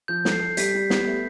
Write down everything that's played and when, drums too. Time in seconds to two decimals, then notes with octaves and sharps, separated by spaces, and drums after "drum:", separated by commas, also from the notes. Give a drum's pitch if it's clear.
0.08 F3 G6
0.25 A4, drum: snare
0.32 C7
0.41 A4
0.57 G3 B6, drum: hi-hat
0.74 G3
0.90 B3, drum: snare
1.07 A3